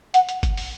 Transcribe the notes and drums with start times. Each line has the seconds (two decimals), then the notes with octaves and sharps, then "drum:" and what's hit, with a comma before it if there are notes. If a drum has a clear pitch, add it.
0.14 F#5, drum: hi-hat
0.29 drum: hi-hat
0.43 drum: kick G1, hi-hat
0.57 drum: open hi-hat